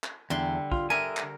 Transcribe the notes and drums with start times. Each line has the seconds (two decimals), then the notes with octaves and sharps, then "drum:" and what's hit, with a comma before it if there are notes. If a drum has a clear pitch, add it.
0.04 drum: clap
0.30 E2 D3 G3 C6
0.72 F4, drum: kick
0.90 D3 A#4 E5 G#5
1.17 drum: clap